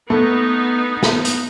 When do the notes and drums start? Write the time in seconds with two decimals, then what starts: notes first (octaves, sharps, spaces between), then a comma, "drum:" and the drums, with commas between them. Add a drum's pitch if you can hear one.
0.10 A3 B3 D#4
1.03 drum: snare
1.25 drum: hi-hat